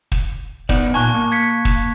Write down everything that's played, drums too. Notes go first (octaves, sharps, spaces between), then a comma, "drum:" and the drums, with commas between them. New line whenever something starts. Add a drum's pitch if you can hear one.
drum: kick
B3 D#4 D5, drum: kick
A#2 G#5 A5 C#6 F#6
A#3
G#6 B6 C#7
drum: kick